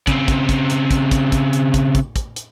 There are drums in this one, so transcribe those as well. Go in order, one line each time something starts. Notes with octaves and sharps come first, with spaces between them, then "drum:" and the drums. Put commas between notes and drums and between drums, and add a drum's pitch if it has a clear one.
C#3 C4, drum: kick, hi-hat
drum: kick, hi-hat
drum: kick, hi-hat
drum: hi-hat
drum: kick, hi-hat
drum: kick, hi-hat
drum: kick, hi-hat
drum: hi-hat
drum: kick, hi-hat
drum: kick, hi-hat
drum: kick, hi-hat
drum: hi-hat